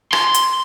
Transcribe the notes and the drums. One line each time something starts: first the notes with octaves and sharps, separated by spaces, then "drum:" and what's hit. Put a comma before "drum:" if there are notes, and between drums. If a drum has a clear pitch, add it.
C6, drum: rim click
drum: hi-hat